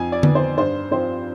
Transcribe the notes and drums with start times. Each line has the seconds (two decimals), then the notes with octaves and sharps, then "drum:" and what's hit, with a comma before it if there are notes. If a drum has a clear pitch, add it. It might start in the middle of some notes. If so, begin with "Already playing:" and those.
Already playing: F2 G#5
0.12 D5
0.23 D#3 B3, drum: tom D3
0.35 C5
0.57 G2 C5
0.91 F3 C4 C5